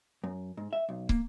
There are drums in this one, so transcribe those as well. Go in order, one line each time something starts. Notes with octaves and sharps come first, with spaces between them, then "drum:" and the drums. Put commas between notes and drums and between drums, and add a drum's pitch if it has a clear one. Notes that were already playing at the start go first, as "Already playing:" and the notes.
F#2
G#2
E5
B1
A#3, drum: kick